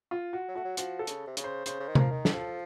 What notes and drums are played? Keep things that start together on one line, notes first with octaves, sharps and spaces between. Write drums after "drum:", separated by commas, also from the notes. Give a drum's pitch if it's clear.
F4
F#4
F#3
A3 F#4
F#3
F3 F#4, drum: hi-hat
A4
C#3, drum: hi-hat
C3
C#3, drum: hi-hat
C5
C#3 C5, drum: hi-hat
C#3
D#3
F3 A#4, drum: tom C3
D#3
A4, drum: snare
F3